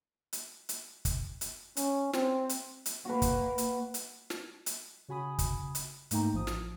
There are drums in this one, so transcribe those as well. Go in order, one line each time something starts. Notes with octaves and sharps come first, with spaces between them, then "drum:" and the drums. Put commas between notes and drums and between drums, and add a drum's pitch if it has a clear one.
drum: hi-hat
drum: hi-hat
drum: kick, hi-hat
drum: hi-hat
C#4, drum: hi-hat
C4, drum: snare
drum: hi-hat
drum: hi-hat
A#3 F#4 B4
drum: kick, hi-hat
drum: hi-hat
drum: hi-hat
drum: snare
drum: hi-hat
C#3 F#4 G#5 B5 D#6
drum: kick, hi-hat
drum: hi-hat
G#2 A3 A#3 D#4 G5 A#5, drum: hi-hat
A1 F3 D#6
drum: snare